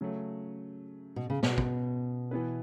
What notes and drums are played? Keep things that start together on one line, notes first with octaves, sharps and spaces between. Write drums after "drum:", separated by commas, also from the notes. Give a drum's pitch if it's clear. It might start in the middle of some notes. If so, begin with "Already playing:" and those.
C#3 F#3 A3
B2
C#3
B2, drum: snare
drum: kick
E3 B3 E4 B4